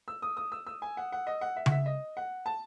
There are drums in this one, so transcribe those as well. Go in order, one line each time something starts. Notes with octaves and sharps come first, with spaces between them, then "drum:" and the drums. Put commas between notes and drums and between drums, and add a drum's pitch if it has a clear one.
E6
D#6
D#6
E6
E6
G#5
F#5
F#5
D#5
F#5
E5
F#5, drum: tom C#3
E5
D#5
F#5
A5